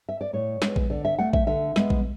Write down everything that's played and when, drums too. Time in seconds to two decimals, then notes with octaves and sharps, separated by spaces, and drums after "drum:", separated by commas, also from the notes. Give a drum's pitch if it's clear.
0.09 E5
0.21 D5
0.33 A2 C#5
0.62 G#3 B3, drum: snare
0.76 drum: kick A#1
0.90 D3 D5
1.05 E5
1.18 A3 F#5
1.33 E5, drum: kick A#1
1.47 D3 E5
1.76 G#3 B3, drum: snare
1.90 drum: kick A#1